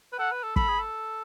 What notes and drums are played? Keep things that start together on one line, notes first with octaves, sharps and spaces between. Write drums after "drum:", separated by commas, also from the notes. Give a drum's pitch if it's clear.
B4
A4 F#5
B4
A4
A4 B5, drum: kick
G#4
A4